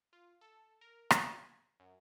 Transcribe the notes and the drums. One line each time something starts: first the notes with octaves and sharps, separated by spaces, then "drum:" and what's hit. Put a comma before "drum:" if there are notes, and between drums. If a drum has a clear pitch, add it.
F4
A4
A#4
G#5, drum: rim click
F#2